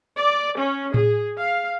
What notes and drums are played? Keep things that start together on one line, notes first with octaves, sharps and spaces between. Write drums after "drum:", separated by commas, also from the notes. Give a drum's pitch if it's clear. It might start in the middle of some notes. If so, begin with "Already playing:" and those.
D5
C#4
G#4, drum: tom A2
F5